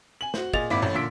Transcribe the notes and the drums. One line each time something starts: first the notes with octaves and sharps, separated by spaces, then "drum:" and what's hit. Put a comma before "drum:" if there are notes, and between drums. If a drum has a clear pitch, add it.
G#5 F#7
F#4 C5, drum: snare
A#2 G#4 D#5 A6 F7, drum: kick
G#1 A#3 E4 B5 D6 B6
A1 A2
A#2 D3 E6 B6 D7